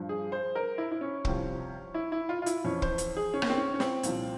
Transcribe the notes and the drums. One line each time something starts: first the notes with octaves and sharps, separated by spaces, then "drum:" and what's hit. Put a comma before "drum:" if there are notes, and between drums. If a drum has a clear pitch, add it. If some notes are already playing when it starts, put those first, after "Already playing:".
Already playing: G2 F3
G#4
C5
A#4
E4
E4
C#4
C2 C3 F3, drum: kick
E4
E4
F4
F4
E4, drum: hi-hat
F2 E3 C#4
C5, drum: kick
drum: hi-hat
G#4
C#4
A#3, drum: rim click
C4
C#4
C#4
C4, drum: snare
C2 A#2 F3, drum: hi-hat